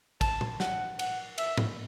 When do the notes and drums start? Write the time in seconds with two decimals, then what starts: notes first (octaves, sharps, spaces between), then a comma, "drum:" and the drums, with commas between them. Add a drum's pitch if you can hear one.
0.21 A5, drum: kick, cymbal
0.41 drum: tom A#2
0.60 F#5, drum: snare
0.99 F#5, drum: cymbal
1.38 E5, drum: cymbal
1.57 drum: tom G#2